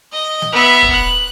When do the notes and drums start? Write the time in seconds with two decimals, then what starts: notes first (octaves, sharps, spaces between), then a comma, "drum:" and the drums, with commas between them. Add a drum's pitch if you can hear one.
0.13 D#5
0.42 drum: snare
0.52 B3 E5
0.82 drum: kick
0.93 F#6